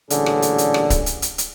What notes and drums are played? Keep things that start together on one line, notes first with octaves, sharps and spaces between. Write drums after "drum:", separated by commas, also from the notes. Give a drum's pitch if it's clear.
A1 A#2 D3 G3 C#4 G#4, drum: hi-hat
drum: rim click
drum: hi-hat
drum: hi-hat
drum: rim click
drum: kick C#1, hi-hat
drum: hi-hat
drum: hi-hat
drum: hi-hat